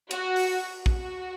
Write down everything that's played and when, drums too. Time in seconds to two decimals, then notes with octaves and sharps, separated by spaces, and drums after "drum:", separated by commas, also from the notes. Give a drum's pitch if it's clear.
0.11 F#4, drum: cymbal
0.36 drum: open hi-hat
0.86 F#4, drum: kick